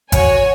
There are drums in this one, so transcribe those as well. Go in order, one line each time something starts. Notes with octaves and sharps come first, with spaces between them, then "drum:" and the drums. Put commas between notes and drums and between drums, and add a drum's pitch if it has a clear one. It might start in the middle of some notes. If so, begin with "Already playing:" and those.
F#4 C#5 G#5, drum: kick G#1, hi-hat